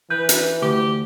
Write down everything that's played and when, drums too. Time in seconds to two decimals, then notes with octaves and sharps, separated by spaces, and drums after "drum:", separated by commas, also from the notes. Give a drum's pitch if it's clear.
0.10 E3 B4 G6
0.29 drum: hi-hat
0.62 D2 G4